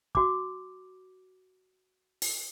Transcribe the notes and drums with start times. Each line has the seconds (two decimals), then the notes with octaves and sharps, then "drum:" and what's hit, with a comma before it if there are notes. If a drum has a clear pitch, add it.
0.15 F#4 D6, drum: kick
2.22 drum: open hi-hat